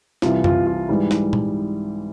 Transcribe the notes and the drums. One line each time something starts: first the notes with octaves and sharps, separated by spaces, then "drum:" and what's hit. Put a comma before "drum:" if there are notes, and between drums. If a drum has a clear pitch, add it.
C2 C3 E3 F4, drum: snare
F4, drum: tom F#2
F4
G#2 E3 G3
drum: snare
drum: tom A#2